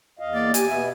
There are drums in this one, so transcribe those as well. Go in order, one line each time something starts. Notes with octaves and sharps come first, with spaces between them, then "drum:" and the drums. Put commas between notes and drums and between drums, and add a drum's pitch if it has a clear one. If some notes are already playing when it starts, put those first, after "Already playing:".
E2 D#5 F5
A#3 D5
G4 G#5, drum: hi-hat
B2 B3 E5